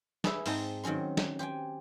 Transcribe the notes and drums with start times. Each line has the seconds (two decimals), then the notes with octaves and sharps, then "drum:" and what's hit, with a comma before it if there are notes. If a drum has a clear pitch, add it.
0.24 G#4 B4 E5, drum: snare
0.46 G#2 C4 D#4 A5, drum: open hi-hat
0.83 D#3 F#3 C4 C#4 C6
1.17 drum: snare
1.39 G4 C5 G5 G#5